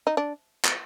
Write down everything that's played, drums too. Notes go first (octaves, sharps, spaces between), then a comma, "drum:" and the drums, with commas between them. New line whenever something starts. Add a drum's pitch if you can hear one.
D#4
D4
drum: clap